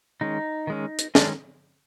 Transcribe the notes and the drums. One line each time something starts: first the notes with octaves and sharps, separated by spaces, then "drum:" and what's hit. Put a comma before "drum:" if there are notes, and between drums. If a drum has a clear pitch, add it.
D#3 G#3 C#4 D#4
D#3 G#3 C#4
drum: hi-hat
D#3 G#3 C#4 D4, drum: snare